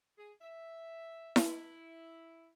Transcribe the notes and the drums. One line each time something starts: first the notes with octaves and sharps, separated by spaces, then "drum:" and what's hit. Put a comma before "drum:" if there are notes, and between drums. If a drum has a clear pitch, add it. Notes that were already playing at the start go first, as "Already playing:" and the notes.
G#4
E5
drum: snare E4
E4